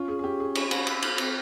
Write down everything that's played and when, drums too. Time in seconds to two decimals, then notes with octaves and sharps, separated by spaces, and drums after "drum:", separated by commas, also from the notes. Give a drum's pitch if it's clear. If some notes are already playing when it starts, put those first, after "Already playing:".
Already playing: C#4 F4
0.08 G#4
0.19 G#4
0.24 G4
0.40 G#4
0.55 drum: cymbal
0.71 drum: cymbal
0.87 drum: cymbal
1.02 drum: cymbal
1.18 C4, drum: cymbal